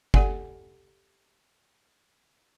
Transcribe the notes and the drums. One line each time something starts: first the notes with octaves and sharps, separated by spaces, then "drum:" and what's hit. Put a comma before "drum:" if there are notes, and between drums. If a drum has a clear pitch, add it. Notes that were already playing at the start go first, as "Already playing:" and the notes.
G4 A4 D5 F#5 G#5, drum: kick G1